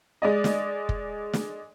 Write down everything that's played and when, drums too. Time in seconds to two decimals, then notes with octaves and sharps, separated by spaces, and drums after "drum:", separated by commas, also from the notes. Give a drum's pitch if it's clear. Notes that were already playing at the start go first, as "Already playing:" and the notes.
0.22 G#3 D5 D#5
0.44 drum: snare
0.89 drum: kick
1.33 drum: snare